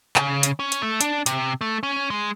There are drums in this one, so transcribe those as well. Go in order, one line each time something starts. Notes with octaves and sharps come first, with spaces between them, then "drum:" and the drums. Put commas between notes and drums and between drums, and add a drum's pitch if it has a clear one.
C#3, drum: clap
drum: hi-hat
C#4
drum: hi-hat
A3
D4, drum: hi-hat
C3, drum: hi-hat
A3
C#4
G#3